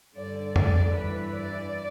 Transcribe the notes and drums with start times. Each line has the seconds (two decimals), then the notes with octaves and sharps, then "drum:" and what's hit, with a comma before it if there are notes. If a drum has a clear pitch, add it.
0.16 G2 D3 D5
0.56 D5, drum: tom F2
0.96 G2 E3 B4
1.36 D5